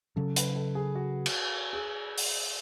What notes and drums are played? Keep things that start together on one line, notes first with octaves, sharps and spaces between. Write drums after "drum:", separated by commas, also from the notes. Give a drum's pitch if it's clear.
C#3 F#3 C#4 A4
B4, drum: hi-hat
A4
G#4
F#4
drum: cymbal
G#4
drum: open hi-hat